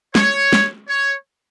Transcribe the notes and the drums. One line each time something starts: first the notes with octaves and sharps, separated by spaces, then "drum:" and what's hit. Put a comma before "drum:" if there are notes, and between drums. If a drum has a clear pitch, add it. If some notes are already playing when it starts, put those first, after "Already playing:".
C#5, drum: snare
drum: snare
C#5